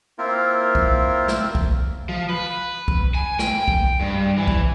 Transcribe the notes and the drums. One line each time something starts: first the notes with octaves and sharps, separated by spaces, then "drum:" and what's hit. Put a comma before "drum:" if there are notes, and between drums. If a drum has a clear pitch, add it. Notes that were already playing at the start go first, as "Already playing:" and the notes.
A#3 C4 E4 F4 A#4
drum: kick
drum: snare
drum: kick
F3
B4
drum: kick
G#5
G5, drum: snare
drum: kick
G2
E3
drum: kick